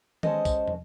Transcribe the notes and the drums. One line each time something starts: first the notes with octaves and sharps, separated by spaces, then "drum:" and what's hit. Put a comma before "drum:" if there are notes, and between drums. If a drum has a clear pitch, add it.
G#3 C#4 A4 C5 D#5, drum: tom D#3
drum: kick, tambourine
drum: tom